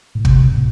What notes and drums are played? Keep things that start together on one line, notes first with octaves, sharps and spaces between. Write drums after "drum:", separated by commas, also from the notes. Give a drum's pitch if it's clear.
A2
C3, drum: kick
A2